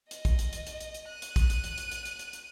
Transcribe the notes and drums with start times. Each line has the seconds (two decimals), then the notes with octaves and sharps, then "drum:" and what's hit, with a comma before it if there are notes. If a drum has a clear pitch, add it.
0.11 D#5, drum: hi-hat
0.25 drum: kick, hi-hat
0.39 drum: hi-hat
0.53 drum: hi-hat
0.67 drum: hi-hat
0.80 drum: hi-hat
0.94 drum: hi-hat
1.10 F#6 D#7
1.22 drum: hi-hat
1.36 drum: kick, hi-hat
1.50 drum: hi-hat
1.64 drum: hi-hat
1.78 drum: hi-hat
1.92 drum: hi-hat
2.05 drum: hi-hat
2.19 drum: hi-hat
2.33 drum: hi-hat